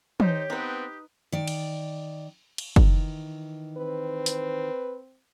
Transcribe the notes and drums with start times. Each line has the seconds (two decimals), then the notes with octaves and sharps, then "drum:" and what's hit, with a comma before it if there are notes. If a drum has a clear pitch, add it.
0.20 D#4 G4 C5 C#5, drum: tom
0.50 B3 C4 D#4 B4 D#6
1.32 D#3 D5
1.48 drum: cymbal
2.58 drum: cymbal
2.76 D#3 E3, drum: kick
3.77 C4 B4
4.26 drum: hi-hat